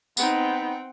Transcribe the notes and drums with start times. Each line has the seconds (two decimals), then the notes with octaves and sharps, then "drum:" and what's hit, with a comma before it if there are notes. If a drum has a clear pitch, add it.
0.17 B3 C4 D#4 F#5 G5, drum: tambourine